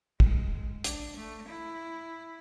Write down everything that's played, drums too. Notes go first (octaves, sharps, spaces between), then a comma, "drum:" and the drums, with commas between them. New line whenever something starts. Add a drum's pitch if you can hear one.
G#3, drum: kick
D4, drum: hi-hat
A3
E4